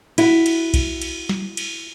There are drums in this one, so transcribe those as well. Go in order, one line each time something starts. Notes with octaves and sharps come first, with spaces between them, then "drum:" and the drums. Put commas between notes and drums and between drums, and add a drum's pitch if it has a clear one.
E4 F#4, drum: cymbal
drum: cymbal
drum: kick B1, cymbal
drum: cymbal
drum: snare
drum: cymbal